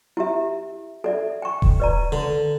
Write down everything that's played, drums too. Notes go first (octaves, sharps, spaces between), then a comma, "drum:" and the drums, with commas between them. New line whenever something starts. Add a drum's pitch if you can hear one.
E4 G4 E5
A4 D5 E5
G5 C#6
drum: kick D#1
B4 D5 A#5
D3